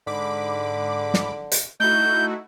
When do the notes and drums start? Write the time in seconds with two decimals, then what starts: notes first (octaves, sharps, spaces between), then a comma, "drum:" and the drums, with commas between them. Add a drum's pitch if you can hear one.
0.07 G#2 D3 B5 D6
1.14 drum: snare
1.52 drum: hi-hat
1.80 A3 D#4 E4 F#4 G6